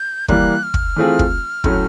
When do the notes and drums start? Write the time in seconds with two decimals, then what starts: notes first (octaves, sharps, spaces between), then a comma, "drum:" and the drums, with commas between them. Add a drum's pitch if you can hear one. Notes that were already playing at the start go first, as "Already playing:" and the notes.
Already playing: G6
0.28 E3 G3 A#3 F#6, drum: kick
0.63 F6
0.74 drum: kick
0.96 E3 A3 C4 F4 G#4
1.19 drum: kick
1.64 A2 F#3 A3 C#4, drum: kick